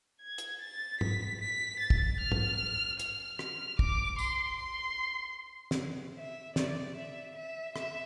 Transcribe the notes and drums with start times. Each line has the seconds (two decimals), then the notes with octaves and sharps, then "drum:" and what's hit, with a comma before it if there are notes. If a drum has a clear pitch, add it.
0.21 G#6
0.38 drum: hi-hat
0.61 A6
1.01 B6, drum: tom
1.41 B6
1.80 A6
1.90 drum: kick
2.20 F6
2.32 drum: tom
2.99 F6, drum: hi-hat
3.39 F6, drum: rim click
3.79 D6, drum: kick
4.19 C6, drum: tambourine
4.57 C6
5.71 drum: snare
6.17 E5
6.56 D5, drum: snare
6.95 E5
7.35 E5
7.76 E5, drum: rim click